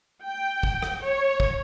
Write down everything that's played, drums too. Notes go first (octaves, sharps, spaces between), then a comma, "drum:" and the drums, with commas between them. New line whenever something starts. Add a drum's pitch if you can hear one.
G5
drum: kick
drum: rim click
C#5
drum: kick